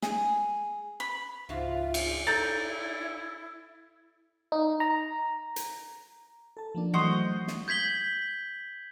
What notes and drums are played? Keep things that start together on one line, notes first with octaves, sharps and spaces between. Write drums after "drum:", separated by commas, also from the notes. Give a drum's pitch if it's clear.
G#4, drum: snare
B5
C#2 G#2 F4 F#4 E5 F5
drum: cymbal
E4 A4 A#5 G6 A6
D#4
A#5
drum: hi-hat
A4 A5
F3 A#3 D4
E3 F#3 A3 F#4 C5 D#5
drum: snare
G6 G#6 B6 F#7 G7